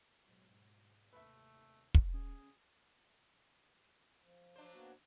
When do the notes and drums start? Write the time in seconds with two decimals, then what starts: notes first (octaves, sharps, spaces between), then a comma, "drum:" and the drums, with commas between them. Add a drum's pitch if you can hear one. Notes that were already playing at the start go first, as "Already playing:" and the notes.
0.24 G#2 B2 F#3
1.13 D#2 C3 A3 B4 E5
1.94 drum: kick
2.14 C#4 G#4
4.22 F3
4.56 F#3 D4 C5
4.73 A#3 B3 F#4